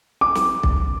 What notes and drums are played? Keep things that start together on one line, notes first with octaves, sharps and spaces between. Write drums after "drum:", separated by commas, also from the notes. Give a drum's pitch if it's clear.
D6
drum: snare
drum: kick B1